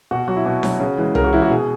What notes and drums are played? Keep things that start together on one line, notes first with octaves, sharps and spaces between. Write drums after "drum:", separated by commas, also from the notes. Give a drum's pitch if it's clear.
B2 F#4
F#3 F#4
E4
B2 F#4
F#3, drum: snare D4
C#3
E3 G#3
C#3 A#4, drum: tom C2
F#4
E3 G#3 E4
F#4
B2 G#4